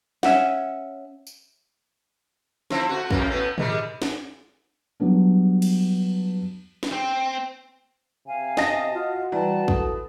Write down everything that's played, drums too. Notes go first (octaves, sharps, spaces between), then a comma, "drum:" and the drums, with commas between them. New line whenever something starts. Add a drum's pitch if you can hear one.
C#4 E5 F#5, drum: snare
drum: tambourine
F3 C4 E4, drum: snare
A3 F#4
F2 A2 A#3, drum: kick
A2 A3 B3
D#3 G3 G#3, drum: tom
drum: snare
F#3 G3 B3 D4
drum: cymbal
drum: snare
C4
C3 F5 G#5
D#5 A5 A#6, drum: snare
F4 F#4
E3 G3 D5 A5 A#5
A4 D#6, drum: kick